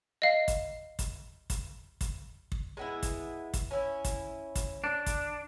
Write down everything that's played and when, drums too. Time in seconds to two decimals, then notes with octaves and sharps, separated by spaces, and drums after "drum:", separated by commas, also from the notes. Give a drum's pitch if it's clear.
0.22 D#5 F5
0.48 drum: kick, hi-hat
0.99 drum: kick, hi-hat
1.50 drum: kick, hi-hat
2.01 drum: kick, hi-hat
2.52 drum: kick
2.77 G#3 B3 E4
3.03 drum: kick, hi-hat
3.54 drum: kick, hi-hat
3.71 C#4 E4
4.05 drum: kick, hi-hat
4.55 drum: kick, hi-hat
4.84 D4
5.06 drum: kick, hi-hat